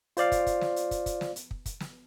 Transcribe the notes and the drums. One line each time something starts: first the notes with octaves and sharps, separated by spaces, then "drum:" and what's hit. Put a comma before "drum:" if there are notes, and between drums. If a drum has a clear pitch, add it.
F4 C5 D5 F5, drum: hi-hat
drum: kick, hi-hat
drum: kick, hi-hat
drum: snare
drum: hi-hat
drum: kick, hi-hat
drum: kick, hi-hat
drum: snare
drum: hi-hat
drum: kick
drum: kick, hi-hat
drum: snare